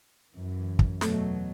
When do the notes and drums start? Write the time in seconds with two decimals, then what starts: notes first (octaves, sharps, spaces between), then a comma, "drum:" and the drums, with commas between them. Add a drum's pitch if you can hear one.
0.33 F#2 E3
0.79 drum: kick
1.01 E2 B2 F#3 A3, drum: snare